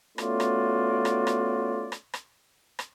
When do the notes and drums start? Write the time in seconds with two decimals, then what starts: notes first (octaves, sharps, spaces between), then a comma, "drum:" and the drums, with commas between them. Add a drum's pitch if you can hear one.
0.18 A3 B3 C#4 F4 F#4 D5, drum: rim click
0.40 drum: rim click
1.05 drum: rim click
1.27 drum: rim click
1.92 drum: rim click
2.14 drum: rim click
2.79 drum: rim click